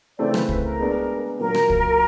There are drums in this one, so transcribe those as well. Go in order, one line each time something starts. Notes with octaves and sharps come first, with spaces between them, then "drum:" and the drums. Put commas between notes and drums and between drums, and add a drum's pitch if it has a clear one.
C#3 E3 A3 C4 D5
B4, drum: rim click
B4, drum: kick
A#4
G#3 B3 D4
A#2 F#3 A#3 A#4
drum: rim click
drum: kick